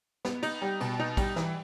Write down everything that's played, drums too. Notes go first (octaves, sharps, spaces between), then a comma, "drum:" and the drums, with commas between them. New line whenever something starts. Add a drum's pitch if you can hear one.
B3, drum: snare
D#4, drum: cymbal
G3
B2, drum: cymbal
D#4
G3, drum: kick A1, cymbal
E3, drum: snare